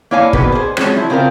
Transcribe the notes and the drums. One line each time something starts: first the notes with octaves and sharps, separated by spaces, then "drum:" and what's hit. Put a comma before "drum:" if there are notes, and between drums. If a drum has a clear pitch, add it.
A#3 E4 C#5 F5 G#5
B2 D#3 A#3 B3 B4, drum: kick
G#4 C5
F3 F#3 G#3 C4 C#4, drum: rim click
E4
C#3 C4 F4 G#4 A#4